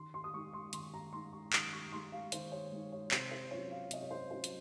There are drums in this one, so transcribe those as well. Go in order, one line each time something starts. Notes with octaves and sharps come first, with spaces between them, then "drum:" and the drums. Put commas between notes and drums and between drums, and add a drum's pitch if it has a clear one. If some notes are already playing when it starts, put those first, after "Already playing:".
Already playing: D#3 C6
C6
D#6
G#3 D#4 C#6
C6
D#3 C6, drum: hi-hat
A#5
G#3 D#4 C6
C#6
D#3 D#6, drum: clap
C#6
G#3 D#4 C6
F5
D#3 C5, drum: hi-hat
C#5
G#3 D#4
C#5
C3 C5, drum: clap
C5
F#3 C#4 F4 C#5
F5
C3 D#5, drum: hi-hat
C#5
C5
F#3 C#4 F4 C5
drum: hi-hat